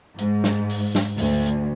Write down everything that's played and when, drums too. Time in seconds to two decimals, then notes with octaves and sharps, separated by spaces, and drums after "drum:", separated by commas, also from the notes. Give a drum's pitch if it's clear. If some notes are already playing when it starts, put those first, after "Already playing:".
0.18 G#2, drum: hi-hat
0.44 drum: snare
0.69 drum: open hi-hat
0.95 drum: snare
1.18 D2, drum: open hi-hat
1.46 drum: hi-hat